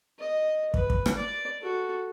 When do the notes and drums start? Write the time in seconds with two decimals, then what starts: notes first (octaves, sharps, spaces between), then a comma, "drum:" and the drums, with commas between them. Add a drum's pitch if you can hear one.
0.19 D#5
0.74 B4, drum: kick
0.90 drum: kick
1.06 drum: rim click
1.16 D5
1.61 F#4 A4